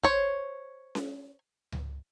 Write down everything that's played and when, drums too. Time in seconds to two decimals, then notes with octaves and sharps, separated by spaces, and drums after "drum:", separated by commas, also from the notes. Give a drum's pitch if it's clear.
0.03 C5 C#5, drum: kick
0.95 drum: snare C#4
1.72 drum: tom C#2